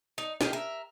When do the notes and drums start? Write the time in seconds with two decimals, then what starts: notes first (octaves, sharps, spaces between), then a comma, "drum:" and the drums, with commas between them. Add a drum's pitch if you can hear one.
0.18 D#4
0.41 A#3 G4 G#4 D#5, drum: snare
0.53 A#4 E5